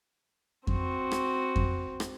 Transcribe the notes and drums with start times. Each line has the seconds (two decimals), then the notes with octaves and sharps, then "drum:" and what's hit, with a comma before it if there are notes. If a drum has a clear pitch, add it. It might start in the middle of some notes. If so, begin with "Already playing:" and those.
0.67 C4 F#4, drum: kick F2
1.11 drum: rim click
1.56 drum: kick F2
2.00 drum: rim click